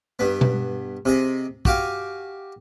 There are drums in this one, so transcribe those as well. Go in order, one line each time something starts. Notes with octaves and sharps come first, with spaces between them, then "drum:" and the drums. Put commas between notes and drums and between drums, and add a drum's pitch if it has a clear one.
G2 B3
drum: tom B2
C3 G#4 D#5
F#4 G4 F5 G#5, drum: kick